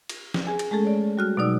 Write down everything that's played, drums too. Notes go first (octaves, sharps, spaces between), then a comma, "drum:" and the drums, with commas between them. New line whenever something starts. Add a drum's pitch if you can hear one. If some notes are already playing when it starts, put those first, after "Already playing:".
drum: cymbal
drum: snare
G#4 G#5
drum: cymbal
G#3 A3 C#4 G#4 A4
C#5 D5
G3 F#4 F6
B2 F#3 D#4 D5 E6